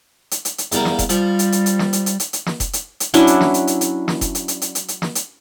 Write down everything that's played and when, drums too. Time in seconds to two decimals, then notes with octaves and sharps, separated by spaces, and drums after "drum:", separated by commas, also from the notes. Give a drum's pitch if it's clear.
0.31 drum: hi-hat
0.45 drum: hi-hat
0.58 drum: hi-hat
0.72 E2 G3 A#3, drum: hi-hat
0.85 drum: snare
0.99 drum: kick F1, hi-hat
1.09 F3 G3, drum: hi-hat
1.39 drum: hi-hat
1.52 drum: hi-hat
1.66 drum: hi-hat
1.79 drum: snare
1.93 drum: hi-hat
2.06 drum: hi-hat
2.20 drum: hi-hat
2.33 drum: hi-hat
2.46 drum: snare
2.60 drum: kick F1, hi-hat
2.73 drum: hi-hat
3.00 drum: hi-hat
3.14 F#3 C#4 D4 E4, drum: hi-hat
3.27 drum: hi-hat
3.41 drum: snare
3.54 drum: hi-hat
3.67 drum: hi-hat
3.81 drum: hi-hat
4.08 drum: snare
4.21 drum: kick F1, hi-hat
4.35 drum: hi-hat
4.48 drum: hi-hat
4.62 drum: hi-hat
4.75 drum: hi-hat
4.88 drum: hi-hat
5.02 drum: snare
5.15 drum: hi-hat